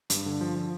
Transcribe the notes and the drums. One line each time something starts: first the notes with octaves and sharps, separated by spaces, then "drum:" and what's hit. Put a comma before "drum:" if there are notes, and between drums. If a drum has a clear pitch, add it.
G2, drum: hi-hat
D3
F3
F3